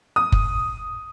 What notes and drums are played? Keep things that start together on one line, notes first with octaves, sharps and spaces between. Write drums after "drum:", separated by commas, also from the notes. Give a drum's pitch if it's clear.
D#6
drum: kick F#1